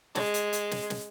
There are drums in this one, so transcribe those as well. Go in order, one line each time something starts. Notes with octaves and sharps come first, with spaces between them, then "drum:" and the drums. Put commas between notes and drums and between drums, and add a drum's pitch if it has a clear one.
G#3, drum: snare
drum: hi-hat
drum: hi-hat
drum: snare
drum: snare